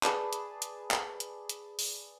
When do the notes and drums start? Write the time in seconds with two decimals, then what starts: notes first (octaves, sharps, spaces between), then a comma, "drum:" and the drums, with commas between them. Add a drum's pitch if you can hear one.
0.03 G#4 B4 D5 A5, drum: clap
0.33 drum: hi-hat
0.62 drum: hi-hat
0.91 drum: clap
1.20 drum: hi-hat
1.49 drum: hi-hat
1.79 drum: open hi-hat